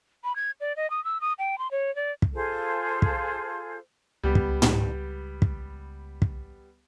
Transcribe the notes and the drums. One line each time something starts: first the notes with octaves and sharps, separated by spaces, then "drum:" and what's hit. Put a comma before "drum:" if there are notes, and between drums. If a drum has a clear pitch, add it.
B5
G#6
D5
D#5
D#6
E6
D#6
G5
C6
C#5
D5
drum: kick
F4 G#4 A4 C5
drum: kick
C#2 G3 B3 G4
drum: kick
drum: tom
drum: kick
drum: kick